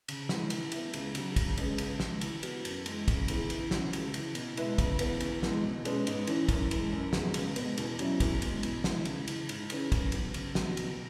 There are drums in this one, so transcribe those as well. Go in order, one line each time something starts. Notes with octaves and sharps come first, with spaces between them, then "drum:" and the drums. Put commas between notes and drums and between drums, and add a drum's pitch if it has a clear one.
C#3, drum: cymbal
E3 G#3, drum: snare
E3, drum: cymbal
B3 E4, drum: cymbal
C#2, drum: cymbal
C#3 F#3, drum: cymbal
C#3, drum: kick, cymbal
G#3 C#4 G#4 B4, drum: cymbal
C#2, drum: cymbal
C#3 G#3, drum: snare
E3, drum: cymbal
B3 F#4 B4, drum: cymbal
F#2, drum: cymbal
E3 G#3, drum: cymbal
C#2, drum: kick, cymbal
C#3 E3 B3 G#4, drum: cymbal
E3, drum: cymbal
C#4 F#4, drum: snare
C#2, drum: cymbal
C#3 E3, drum: cymbal
B2, drum: cymbal
G#3 E4 B4, drum: cymbal
C#3, drum: kick, cymbal
E3 B3, drum: cymbal
E2, drum: cymbal
E3 G#3, drum: snare
B2
G#3 C#4 G#4 B4, drum: cymbal
G#2, drum: cymbal
E3 C#4, drum: cymbal
F#2, drum: kick, cymbal
E3 G#3, drum: cymbal
F#2
F#3 B3 G#4, drum: snare
C#2, drum: cymbal
B2 G#3 B3, drum: cymbal
E2, drum: cymbal
B2 F#3 C#4 E4, drum: cymbal
E2, drum: kick, cymbal
B2 G#3, drum: cymbal
E2, drum: cymbal
E3 G#3 E4, drum: snare
C#2, drum: cymbal
C#3 E3, drum: cymbal
G#2, drum: cymbal
E3 C#4 G#4 B4, drum: cymbal
F#2, drum: kick, cymbal
F#3 B3, drum: cymbal
C#3, drum: cymbal
F#3 B3 F#4, drum: snare
B2, drum: cymbal